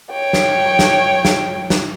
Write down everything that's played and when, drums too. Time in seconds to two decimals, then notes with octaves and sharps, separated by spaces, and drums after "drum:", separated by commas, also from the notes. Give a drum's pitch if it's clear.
0.10 C#5 G5
0.33 drum: snare
0.79 drum: snare
1.25 drum: snare
1.70 drum: snare